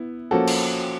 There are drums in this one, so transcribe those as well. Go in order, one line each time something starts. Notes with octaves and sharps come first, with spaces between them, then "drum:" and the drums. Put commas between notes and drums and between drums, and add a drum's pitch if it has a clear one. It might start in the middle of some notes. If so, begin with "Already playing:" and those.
Already playing: B3 E4
F3 A#3 C#4 F#4 A4
drum: cymbal